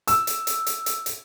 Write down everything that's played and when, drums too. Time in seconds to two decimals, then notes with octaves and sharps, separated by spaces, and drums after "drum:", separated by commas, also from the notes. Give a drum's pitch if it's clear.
0.07 E6, drum: hi-hat
0.27 drum: hi-hat
0.47 drum: hi-hat
0.67 drum: hi-hat
0.86 drum: hi-hat
1.06 drum: hi-hat